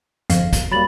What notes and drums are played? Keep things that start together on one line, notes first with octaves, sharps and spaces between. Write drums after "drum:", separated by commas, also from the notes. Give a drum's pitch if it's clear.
G1 F2 F5 C7, drum: hi-hat
drum: kick, hi-hat
F#3 G3 A#3 B5 A6 F#7